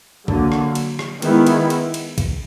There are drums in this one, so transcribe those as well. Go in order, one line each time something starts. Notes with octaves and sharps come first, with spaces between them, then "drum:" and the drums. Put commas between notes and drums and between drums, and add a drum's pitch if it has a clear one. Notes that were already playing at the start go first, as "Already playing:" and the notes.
D3 F#3 A#3, drum: kick A#1
drum: rim click
drum: cymbal
drum: rim click
D#3 G#3 B3 E4, drum: cymbal
drum: cymbal
drum: cymbal
drum: cymbal
drum: kick A#1, cymbal